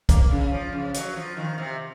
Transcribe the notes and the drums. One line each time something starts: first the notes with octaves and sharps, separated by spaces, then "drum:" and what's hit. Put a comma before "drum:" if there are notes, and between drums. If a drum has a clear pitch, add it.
A#3, drum: kick, hi-hat
C#3
F3
C#3
F#3, drum: hi-hat
F3
D#3
C3